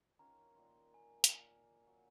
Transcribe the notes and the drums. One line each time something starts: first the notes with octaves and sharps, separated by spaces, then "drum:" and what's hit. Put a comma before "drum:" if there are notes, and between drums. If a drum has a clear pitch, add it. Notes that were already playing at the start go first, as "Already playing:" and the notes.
D#3 C#4 F4 A#5
A#2 D#3 C6
G#5
A#2 A#4, drum: hi-hat
F#3